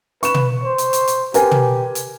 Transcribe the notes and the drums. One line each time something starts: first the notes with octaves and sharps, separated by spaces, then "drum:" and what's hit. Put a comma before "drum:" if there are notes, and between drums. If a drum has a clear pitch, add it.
B4 C#6 E7, drum: hi-hat
drum: tom
C5
drum: hi-hat
drum: hi-hat
drum: hi-hat
G4 A#4 B4 G#5, drum: hi-hat
drum: tom
drum: hi-hat